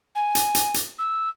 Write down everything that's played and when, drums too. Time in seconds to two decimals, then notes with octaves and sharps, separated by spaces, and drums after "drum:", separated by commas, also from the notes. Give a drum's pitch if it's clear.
0.15 G#5
0.35 drum: hi-hat
0.55 drum: hi-hat
0.74 drum: hi-hat
0.98 E6